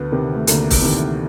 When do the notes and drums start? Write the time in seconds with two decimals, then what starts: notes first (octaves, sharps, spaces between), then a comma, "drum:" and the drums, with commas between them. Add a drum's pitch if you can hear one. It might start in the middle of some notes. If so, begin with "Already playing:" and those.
Already playing: D2 B3
0.12 C3 D#3
0.35 A3
0.47 D2 A#3, drum: hi-hat
0.70 drum: kick, open hi-hat
0.81 C3 D#3 E3